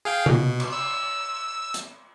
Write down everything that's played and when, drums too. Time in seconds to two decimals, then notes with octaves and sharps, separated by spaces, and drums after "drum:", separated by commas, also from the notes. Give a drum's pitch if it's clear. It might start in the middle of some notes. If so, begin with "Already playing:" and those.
0.05 G#4 F5 G5
0.26 B2, drum: tom C3
0.60 drum: cymbal
0.73 E6
1.74 drum: hi-hat